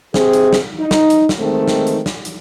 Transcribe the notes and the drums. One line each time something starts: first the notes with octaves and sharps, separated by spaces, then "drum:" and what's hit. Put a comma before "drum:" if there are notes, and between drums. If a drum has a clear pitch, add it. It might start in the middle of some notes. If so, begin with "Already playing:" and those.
C3 C4 G#4, drum: snare
drum: hi-hat
drum: snare
D#4
drum: snare
drum: hi-hat
drum: snare
D#3 G#3 A3 C4
drum: snare
drum: hi-hat
drum: snare
drum: hi-hat